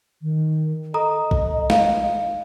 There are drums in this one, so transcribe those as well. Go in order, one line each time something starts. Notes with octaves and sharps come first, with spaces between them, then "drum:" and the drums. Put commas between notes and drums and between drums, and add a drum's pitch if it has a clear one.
D#3
A4 D#5 A#5 D#6
drum: kick A#1
F5, drum: snare